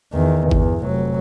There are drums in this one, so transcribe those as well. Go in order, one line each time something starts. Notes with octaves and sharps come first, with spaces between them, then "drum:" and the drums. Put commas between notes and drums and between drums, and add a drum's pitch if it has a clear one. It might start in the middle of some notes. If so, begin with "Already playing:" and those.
E2 D#3
G1 E2, drum: kick G#1
F1 F#3